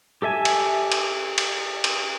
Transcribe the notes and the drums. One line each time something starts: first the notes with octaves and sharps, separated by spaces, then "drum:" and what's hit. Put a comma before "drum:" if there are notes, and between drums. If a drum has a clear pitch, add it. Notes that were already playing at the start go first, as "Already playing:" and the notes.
G4 A4 E5 G#5
drum: cymbal
drum: cymbal
drum: cymbal
drum: cymbal